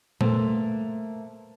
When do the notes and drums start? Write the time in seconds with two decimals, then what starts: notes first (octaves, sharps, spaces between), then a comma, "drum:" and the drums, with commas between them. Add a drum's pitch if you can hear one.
0.21 A3 A#3 B4 C5, drum: tom A#2